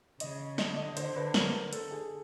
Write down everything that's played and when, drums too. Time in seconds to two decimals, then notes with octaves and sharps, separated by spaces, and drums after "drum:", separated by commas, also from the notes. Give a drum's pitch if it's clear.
0.20 C#3 D#5, drum: hi-hat
0.58 D3 D#5, drum: snare
0.77 D#5
0.97 C5, drum: hi-hat
1.16 B4
1.34 A#4, drum: snare
1.73 A4, drum: hi-hat
1.91 G#4